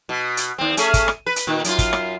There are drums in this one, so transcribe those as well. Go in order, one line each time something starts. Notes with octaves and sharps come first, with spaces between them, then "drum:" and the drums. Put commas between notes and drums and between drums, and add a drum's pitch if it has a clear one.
B2
drum: hi-hat
D#2 C4
A3 C#4 G#4, drum: hi-hat
drum: kick, hi-hat
drum: rim click
B4
drum: hi-hat
A#2 D#3
F#2 F4, drum: hi-hat
drum: kick, hi-hat
drum: rim click